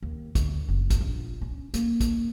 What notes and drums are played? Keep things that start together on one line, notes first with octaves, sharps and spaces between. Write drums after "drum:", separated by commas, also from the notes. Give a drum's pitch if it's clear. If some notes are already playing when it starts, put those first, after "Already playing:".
D#2
D2, drum: kick, hi-hat
F#1
drum: kick, hi-hat
A#1
C#4
A#3, drum: hi-hat
drum: kick, hi-hat